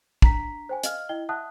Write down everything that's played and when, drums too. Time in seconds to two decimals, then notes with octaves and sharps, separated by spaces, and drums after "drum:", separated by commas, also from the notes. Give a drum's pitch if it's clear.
0.22 D4 A#5 B6, drum: kick
0.69 C5 G5 G#5
0.83 D#5 F5 F6, drum: hi-hat
1.09 E4 D#5 G5 G7
1.29 E5 F#5 A5 D#6 F#6